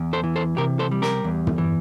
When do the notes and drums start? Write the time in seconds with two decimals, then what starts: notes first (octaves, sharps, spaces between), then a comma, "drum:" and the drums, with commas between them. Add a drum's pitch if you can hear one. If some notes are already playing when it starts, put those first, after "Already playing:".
Already playing: E2
0.13 A4 C5
0.24 E3
0.36 A4 C5
0.57 C3 G4 A#4
0.79 A4 C5
0.91 G3
1.02 G4 A#4, drum: snare
1.24 E2
1.47 drum: tom
1.58 E3